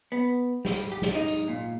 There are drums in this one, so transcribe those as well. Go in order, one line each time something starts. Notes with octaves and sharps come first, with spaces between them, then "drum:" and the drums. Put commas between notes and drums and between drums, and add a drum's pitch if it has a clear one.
B3
G3, drum: snare
drum: tambourine
G4
drum: snare
D#4
drum: tambourine
A#2